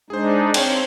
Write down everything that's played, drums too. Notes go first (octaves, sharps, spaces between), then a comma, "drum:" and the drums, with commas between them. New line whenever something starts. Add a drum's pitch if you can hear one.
G#3 D4 D#4 G#4 C5
C4 C#5 F5 G5, drum: cymbal